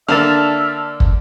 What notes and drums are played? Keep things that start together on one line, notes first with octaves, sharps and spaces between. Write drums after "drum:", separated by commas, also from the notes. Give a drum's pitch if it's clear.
D3 A#3 D4 E5 A5 F6
drum: kick